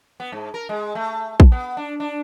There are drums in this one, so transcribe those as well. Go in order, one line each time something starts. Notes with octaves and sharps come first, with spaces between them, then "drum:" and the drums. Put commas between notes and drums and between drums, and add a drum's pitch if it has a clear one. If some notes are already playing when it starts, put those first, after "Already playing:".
B3
G#2
A#4
G#3
A3
drum: kick A#1
B3
D4
D4